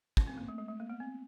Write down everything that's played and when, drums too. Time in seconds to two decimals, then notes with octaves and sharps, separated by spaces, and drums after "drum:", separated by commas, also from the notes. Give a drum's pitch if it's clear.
0.17 C#4, drum: kick
0.27 C4
0.38 A#3
0.48 A3
0.58 G#3
0.69 A3
0.80 A#3
0.90 B3
1.00 C4